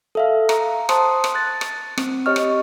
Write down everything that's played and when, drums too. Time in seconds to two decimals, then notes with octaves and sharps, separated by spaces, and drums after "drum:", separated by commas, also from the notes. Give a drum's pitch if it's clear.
0.15 A4 E5 F5
0.49 A#5, drum: rim click
0.89 C5 A5 C6 D#6, drum: rim click
1.24 drum: rim click
1.35 F#6 A6
1.61 drum: rim click
1.98 C4, drum: rim click
2.26 G4 C#5 D#5 C#6 F6
2.36 drum: rim click